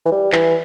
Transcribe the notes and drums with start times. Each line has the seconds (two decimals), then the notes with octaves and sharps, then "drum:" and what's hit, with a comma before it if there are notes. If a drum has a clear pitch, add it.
0.05 E3
0.12 G3
0.32 E3, drum: clap